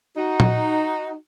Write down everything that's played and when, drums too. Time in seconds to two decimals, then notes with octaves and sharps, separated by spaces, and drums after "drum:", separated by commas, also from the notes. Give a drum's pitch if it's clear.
0.17 D#4 F#4
0.40 drum: tom A#2